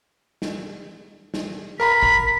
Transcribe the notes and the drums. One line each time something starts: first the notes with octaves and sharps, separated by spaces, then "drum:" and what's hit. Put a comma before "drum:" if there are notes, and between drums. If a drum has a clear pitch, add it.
drum: snare
drum: snare
A#4 A#5 B5 B6
drum: kick